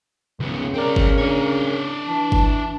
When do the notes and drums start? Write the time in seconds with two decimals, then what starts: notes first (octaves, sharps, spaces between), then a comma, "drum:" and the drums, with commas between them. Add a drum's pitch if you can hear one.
0.40 C#2 C#3 B3
0.74 C4 A#4 D5
0.96 drum: kick G1
1.18 D4 C#5
2.07 E3 A5
2.32 drum: kick G1